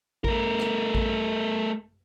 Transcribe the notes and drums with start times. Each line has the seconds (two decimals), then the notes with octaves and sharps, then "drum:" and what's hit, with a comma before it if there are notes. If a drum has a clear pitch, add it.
0.24 A3 A#4, drum: kick A1
0.59 drum: rim click
0.95 drum: kick A1